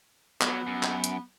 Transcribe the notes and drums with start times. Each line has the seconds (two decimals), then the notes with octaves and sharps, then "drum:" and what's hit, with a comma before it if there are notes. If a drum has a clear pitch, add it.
0.41 F#3 B3, drum: clap
0.67 F#2
0.83 drum: clap
1.04 drum: hi-hat